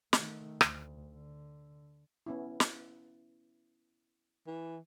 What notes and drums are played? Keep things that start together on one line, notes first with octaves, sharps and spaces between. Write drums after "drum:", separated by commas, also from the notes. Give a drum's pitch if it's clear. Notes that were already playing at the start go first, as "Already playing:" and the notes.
D#3 A3, drum: snare
D2, drum: rim click
D3
B3 C#4 E4
drum: snare
E3